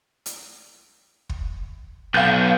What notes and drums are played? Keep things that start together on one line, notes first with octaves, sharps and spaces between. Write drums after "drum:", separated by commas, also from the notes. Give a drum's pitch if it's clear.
drum: hi-hat
drum: kick
B1 F5 G6